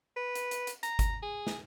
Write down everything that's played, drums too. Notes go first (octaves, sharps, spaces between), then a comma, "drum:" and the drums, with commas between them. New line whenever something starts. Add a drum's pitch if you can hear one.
B4
drum: hi-hat
drum: hi-hat
drum: hi-hat
A#5, drum: hi-hat
drum: kick G1, hi-hat
G#4
drum: snare